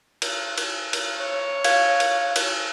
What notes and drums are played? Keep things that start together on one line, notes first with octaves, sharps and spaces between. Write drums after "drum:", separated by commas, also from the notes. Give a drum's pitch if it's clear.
drum: cymbal
drum: cymbal
drum: cymbal
C#5
F5 G#6, drum: cymbal
drum: cymbal
drum: cymbal